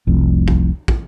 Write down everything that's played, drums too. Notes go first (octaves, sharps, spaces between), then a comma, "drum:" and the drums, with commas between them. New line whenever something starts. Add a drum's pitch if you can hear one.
F1 C2 F2
drum: kick
drum: kick